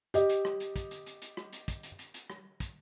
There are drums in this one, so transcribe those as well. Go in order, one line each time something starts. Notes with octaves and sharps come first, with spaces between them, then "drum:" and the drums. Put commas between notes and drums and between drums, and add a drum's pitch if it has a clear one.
G4 D#5, drum: hi-hat
drum: hi-hat
drum: rim click
drum: hi-hat
drum: kick, hi-hat
drum: hi-hat
drum: hi-hat
drum: hi-hat
drum: rim click
drum: hi-hat
drum: kick, hi-hat
drum: hi-hat
drum: hi-hat
drum: hi-hat
drum: rim click
drum: kick, hi-hat